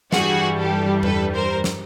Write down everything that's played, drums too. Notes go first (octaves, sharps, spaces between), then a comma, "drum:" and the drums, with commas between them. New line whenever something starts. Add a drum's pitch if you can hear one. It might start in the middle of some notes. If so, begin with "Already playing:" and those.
G2 E3 G3 F#4 G#4, drum: snare
G4 A4
A4 B4, drum: tom E2
A#4 C5
drum: snare